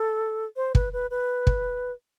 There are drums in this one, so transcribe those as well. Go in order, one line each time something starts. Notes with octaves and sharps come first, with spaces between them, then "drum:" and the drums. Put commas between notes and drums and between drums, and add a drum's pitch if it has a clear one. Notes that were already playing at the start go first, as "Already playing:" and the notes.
Already playing: A4
C5
B4, drum: kick
B4
B4
drum: kick